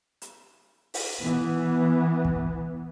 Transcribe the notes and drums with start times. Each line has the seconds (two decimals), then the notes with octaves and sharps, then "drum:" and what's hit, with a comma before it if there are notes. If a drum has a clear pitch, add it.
0.22 drum: hi-hat
0.94 drum: open hi-hat
1.20 E3 B3
2.25 drum: kick